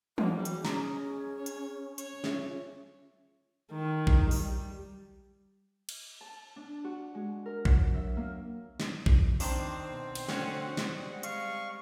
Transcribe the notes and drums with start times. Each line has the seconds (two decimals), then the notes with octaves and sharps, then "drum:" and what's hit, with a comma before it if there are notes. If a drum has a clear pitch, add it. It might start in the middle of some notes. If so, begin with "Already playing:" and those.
0.18 A#3 F#4, drum: tom
0.36 G3 G#4
0.45 drum: hi-hat
0.65 C#4 D#5 A#5, drum: snare
1.37 C#5
1.46 drum: hi-hat
1.98 C#5, drum: hi-hat
2.24 C#4 F4 G#4 E5, drum: snare
3.72 D#3
4.07 drum: kick A#1
4.31 G3, drum: open hi-hat
5.89 drum: cymbal
6.21 A5
6.56 D4
6.84 F#4
7.15 G#3
7.46 A#4
7.65 F#3, drum: kick A#1
7.94 E5
8.17 A#3
8.80 drum: snare
9.06 drum: kick A#1
9.40 D#3 C4 D4 C5, drum: open hi-hat
9.89 B2
10.15 drum: cymbal
10.29 D3 A3 C#4 F#4 F#5, drum: snare
10.77 G3 G#3, drum: snare
11.23 F5 C#6, drum: hi-hat